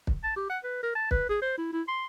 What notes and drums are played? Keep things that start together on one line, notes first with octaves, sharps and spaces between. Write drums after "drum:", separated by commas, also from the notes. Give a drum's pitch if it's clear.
drum: kick
A5
G4
F#5
B4
A#4
A5
B4, drum: kick
G#4
C5
E4
E4
C6